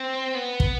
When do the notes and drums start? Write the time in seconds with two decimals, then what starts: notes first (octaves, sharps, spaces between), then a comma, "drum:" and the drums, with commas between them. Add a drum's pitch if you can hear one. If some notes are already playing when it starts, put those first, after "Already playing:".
Already playing: C4
0.35 B3
0.60 drum: kick